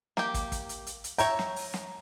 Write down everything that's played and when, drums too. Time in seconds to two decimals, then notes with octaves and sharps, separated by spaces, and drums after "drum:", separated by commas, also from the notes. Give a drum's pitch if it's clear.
0.17 A#3 G4, drum: snare
0.34 drum: kick, hi-hat
0.52 drum: kick, hi-hat
0.69 drum: hi-hat
0.87 drum: hi-hat
1.04 drum: hi-hat
1.18 C#5 E5 G5 A#5, drum: hi-hat
1.39 drum: snare
1.56 drum: open hi-hat
1.74 drum: snare